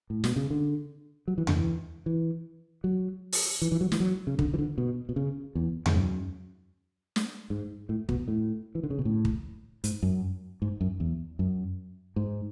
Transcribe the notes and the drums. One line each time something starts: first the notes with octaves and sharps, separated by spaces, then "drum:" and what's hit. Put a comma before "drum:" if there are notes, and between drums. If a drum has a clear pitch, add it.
A2
B2, drum: snare
C#3
D3
F#3
E3
D3, drum: tom E2
E3
E3
F#3
drum: open hi-hat
E3
E3
F#3
E3, drum: snare
F#3
C#3
D3, drum: kick
E3
D3
B2
B2
C#3
E2
G#2, drum: tom E2
F#2
drum: snare
G#2
A2
B2, drum: kick
A2
E3
D3
C#3
B2
A2
drum: kick
G#2, drum: hi-hat
F#2
G#2
F#2
E2
F#2
G#2